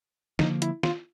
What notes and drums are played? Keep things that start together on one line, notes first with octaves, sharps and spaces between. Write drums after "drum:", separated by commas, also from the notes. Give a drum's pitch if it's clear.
D3 F3 A#3 D#4, drum: snare
E4, drum: hi-hat
F4, drum: snare